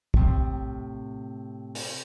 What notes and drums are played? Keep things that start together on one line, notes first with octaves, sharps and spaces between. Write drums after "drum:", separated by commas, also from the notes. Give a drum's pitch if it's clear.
A2 C3, drum: kick
drum: open hi-hat